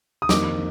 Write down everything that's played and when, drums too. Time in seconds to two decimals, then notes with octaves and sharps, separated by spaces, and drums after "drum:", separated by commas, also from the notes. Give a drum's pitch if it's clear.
0.22 D#6
0.29 F2 D#3 A#3 D6, drum: snare